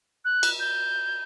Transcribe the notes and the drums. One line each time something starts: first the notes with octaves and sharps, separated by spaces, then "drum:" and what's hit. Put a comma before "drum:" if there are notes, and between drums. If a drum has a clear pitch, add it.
F#6
drum: cymbal
G6